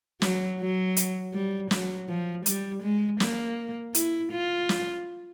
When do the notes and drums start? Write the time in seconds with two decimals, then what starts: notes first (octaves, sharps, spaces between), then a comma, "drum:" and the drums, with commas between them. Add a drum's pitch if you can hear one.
0.22 F#3, drum: snare
0.60 F#3
0.97 drum: hi-hat
1.34 G3
1.71 F#3, drum: snare
2.09 F3
2.46 G3, drum: hi-hat
2.83 G#3
3.20 A#3, drum: snare
3.95 E4, drum: hi-hat
4.32 F4
4.69 drum: snare